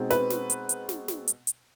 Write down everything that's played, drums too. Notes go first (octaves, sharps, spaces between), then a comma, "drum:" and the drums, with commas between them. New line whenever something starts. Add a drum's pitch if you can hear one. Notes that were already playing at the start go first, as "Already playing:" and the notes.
Already playing: B2 G#3 C4 D#4
B4, drum: snare
drum: snare
drum: hi-hat
drum: hi-hat
drum: snare
drum: snare
drum: hi-hat
drum: hi-hat